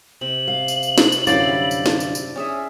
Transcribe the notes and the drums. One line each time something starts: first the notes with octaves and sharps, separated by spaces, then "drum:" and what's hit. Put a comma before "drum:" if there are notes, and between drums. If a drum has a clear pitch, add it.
C3 F#7
F5
drum: tambourine
drum: tambourine
drum: snare
drum: tambourine
F#2 D3 E4 F#4 G4 D5 F5, drum: tambourine
G3
drum: tambourine
drum: snare
drum: tambourine
drum: tambourine
C#4 G#4 E5